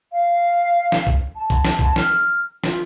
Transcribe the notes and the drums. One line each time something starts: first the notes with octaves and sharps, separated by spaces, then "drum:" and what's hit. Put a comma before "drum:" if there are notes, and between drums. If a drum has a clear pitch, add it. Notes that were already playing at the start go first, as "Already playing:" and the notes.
F5
drum: snare
drum: kick
A5
drum: kick
drum: snare
drum: kick
F6, drum: snare
F4, drum: snare